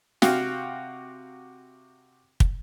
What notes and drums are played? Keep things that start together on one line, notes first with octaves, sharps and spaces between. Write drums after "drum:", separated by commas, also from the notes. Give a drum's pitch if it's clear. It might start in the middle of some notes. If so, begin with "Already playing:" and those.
C3 F#4 F5 G5 F6, drum: snare
drum: kick